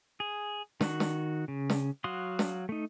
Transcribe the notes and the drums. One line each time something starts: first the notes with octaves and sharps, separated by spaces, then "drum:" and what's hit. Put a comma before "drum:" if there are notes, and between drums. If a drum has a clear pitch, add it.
G#4
D#3 F#4, drum: snare
drum: snare
C#3
drum: snare
F#3 F#4 F5 C6 D#6
drum: snare
A3 D#4